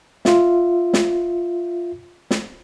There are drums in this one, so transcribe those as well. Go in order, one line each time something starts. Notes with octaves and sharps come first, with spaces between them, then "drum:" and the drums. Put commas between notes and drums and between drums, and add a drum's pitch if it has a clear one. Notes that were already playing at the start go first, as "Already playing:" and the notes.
F4 E5, drum: snare
drum: snare
drum: snare